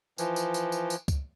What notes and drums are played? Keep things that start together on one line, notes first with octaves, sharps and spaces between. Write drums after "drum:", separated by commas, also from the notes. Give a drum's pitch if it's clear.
E3 F3, drum: tambourine
drum: tambourine
drum: tambourine
drum: tambourine
drum: tambourine
drum: kick C#2, tambourine